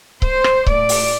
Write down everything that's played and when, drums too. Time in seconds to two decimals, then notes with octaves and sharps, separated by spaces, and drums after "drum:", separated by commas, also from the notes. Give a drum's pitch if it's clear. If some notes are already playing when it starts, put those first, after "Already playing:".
0.22 C5, drum: kick C#1
0.44 drum: rim click
0.66 A2 A3 D5, drum: kick C#1
0.89 drum: open hi-hat